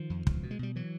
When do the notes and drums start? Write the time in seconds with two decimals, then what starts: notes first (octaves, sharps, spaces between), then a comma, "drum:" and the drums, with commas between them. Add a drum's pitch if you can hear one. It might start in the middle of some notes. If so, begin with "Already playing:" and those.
Already playing: D#3 F3
0.10 F2
0.27 C#2, drum: kick
0.43 B2
0.51 G#3
0.59 B2 G3
0.76 E3 F#3